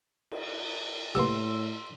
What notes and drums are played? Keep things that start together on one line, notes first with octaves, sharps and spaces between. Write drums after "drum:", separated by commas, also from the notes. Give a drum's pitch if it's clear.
drum: cymbal
A2 A#3 B3 G4 C6 E6